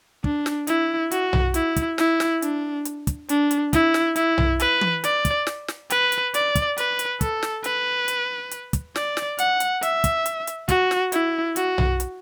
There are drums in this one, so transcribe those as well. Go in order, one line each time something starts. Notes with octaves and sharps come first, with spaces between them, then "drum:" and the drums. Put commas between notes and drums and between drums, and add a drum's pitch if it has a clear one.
D4, drum: kick
drum: snare
E4, drum: hi-hat
F#4, drum: hi-hat
drum: tom B1
E4, drum: hi-hat
drum: kick, hi-hat
E4, drum: snare
drum: snare
D4, drum: hi-hat
drum: hi-hat
drum: kick, hi-hat
D4, drum: hi-hat
drum: hi-hat
E4, drum: kick, hi-hat
drum: snare
E4, drum: hi-hat
drum: tom B1
B4, drum: hi-hat
drum: tom
D5, drum: hi-hat
drum: kick, hi-hat
drum: snare
drum: snare
B4, drum: hi-hat
drum: hi-hat
D5, drum: hi-hat
drum: kick, hi-hat
B4, drum: hi-hat
drum: hi-hat
A4, drum: kick, hi-hat
drum: snare
B4, drum: hi-hat
drum: hi-hat
drum: hi-hat
drum: kick, hi-hat
D5, drum: snare
drum: snare
F#5, drum: hi-hat
drum: hi-hat
E5, drum: hi-hat
drum: kick, hi-hat
drum: hi-hat
drum: hi-hat
F#4, drum: kick, hi-hat
drum: snare
E4, drum: hi-hat
F#4, drum: hi-hat
drum: tom B1
drum: hi-hat